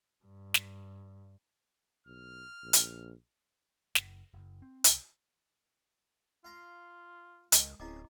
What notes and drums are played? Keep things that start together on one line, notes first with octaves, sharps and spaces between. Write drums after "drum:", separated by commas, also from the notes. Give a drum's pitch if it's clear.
G2
drum: snare
B1 F6
A#1
drum: hi-hat
F#1, drum: snare
F#1
C4
C2, drum: hi-hat
F4 F5 A#5 C6
C#2 D#3 G#3, drum: hi-hat
D1 C4 C#4 E4 G#4 D#5 D6